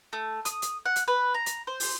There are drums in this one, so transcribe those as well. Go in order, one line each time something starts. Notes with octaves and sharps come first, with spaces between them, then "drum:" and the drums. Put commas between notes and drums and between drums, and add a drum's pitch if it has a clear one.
A3
D#6, drum: hi-hat
drum: hi-hat
F#5
drum: hi-hat
B4
A#5
drum: hi-hat
C5
drum: open hi-hat